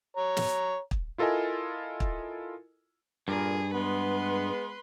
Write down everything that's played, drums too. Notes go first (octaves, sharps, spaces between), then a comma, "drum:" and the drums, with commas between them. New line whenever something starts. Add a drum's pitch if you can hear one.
C#5 A#5
drum: snare
drum: kick
E4 F4 A4 A#4 D#5 G#5
drum: kick
G2 A#2 G#4 A#4
G#3 B3 B4 C6